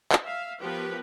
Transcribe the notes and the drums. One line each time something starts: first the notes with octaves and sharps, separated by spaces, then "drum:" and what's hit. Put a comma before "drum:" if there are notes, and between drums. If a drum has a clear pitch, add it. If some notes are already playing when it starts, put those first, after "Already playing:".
drum: clap
E5 F5
F3 B3 G4 A#4 B4